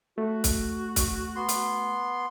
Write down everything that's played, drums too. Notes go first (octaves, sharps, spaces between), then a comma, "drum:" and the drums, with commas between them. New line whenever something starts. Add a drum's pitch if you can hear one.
A3 F#4
drum: kick, hi-hat
drum: kick, hi-hat
B3 C6
drum: hi-hat